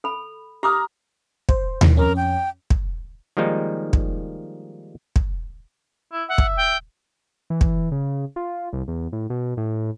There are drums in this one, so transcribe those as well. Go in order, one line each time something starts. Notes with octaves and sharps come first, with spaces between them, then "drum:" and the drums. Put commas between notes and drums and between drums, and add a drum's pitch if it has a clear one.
A4 B5
G4 A#5 D6 D#6 F6
C5, drum: kick
D#3 E3, drum: tom D#2
F2 C#4 A#4
G5
drum: kick
D#3 F3 G3 G#3 A#3 D#4
drum: kick
drum: kick
E4
E5 F#5
drum: kick
G5
E3
drum: kick
C#3
F4
C2
E2
A2
B2
A2